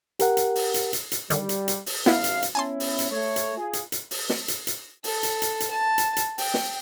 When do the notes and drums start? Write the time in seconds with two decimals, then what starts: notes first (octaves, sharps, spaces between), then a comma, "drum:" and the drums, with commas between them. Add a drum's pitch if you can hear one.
0.19 G4 A#4 F#5, drum: hi-hat
0.37 drum: hi-hat
0.55 drum: open hi-hat
0.74 drum: hi-hat
0.93 drum: hi-hat
1.12 drum: hi-hat
1.30 D3 D#3 G3, drum: hi-hat
1.49 drum: hi-hat
1.68 drum: hi-hat
1.86 drum: open hi-hat
2.06 G#1 F#2 B3 E4 F5, drum: snare
2.24 drum: hi-hat
2.42 drum: hi-hat
2.55 B3 C#4 E4 G#5 A5 C6
2.80 drum: open hi-hat
2.99 drum: hi-hat
3.10 A3 C#5
3.36 drum: hi-hat
3.57 F4 G#4
3.73 drum: hi-hat
3.92 drum: hi-hat
4.11 drum: open hi-hat
4.29 drum: snare
4.48 drum: hi-hat
4.67 drum: hi-hat
5.04 A4, drum: open hi-hat
5.23 drum: hi-hat
5.42 drum: hi-hat
5.60 drum: hi-hat
5.70 A5
5.98 drum: hi-hat
6.16 drum: hi-hat
6.38 G5, drum: open hi-hat
6.54 drum: snare